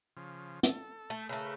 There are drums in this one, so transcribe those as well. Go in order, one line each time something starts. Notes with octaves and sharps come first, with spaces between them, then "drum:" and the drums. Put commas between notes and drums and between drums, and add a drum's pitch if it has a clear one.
C#3 F3
A4, drum: hi-hat
A3
C#3 A3 A#4 B4 E5